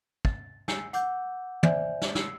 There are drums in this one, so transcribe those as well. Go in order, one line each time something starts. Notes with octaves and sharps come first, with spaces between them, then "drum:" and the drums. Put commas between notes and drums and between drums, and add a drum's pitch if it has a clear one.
A6, drum: kick
G#5 E6 G6 C7 C#7, drum: snare
F#5 D6 E6 G6, drum: hi-hat
C5 D5 E5 G#5 G6, drum: tom
drum: snare
E6 C7 C#7, drum: snare